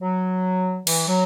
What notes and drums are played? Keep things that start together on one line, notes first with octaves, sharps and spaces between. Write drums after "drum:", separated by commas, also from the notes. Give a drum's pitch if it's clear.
F#3
E3, drum: cymbal
F#3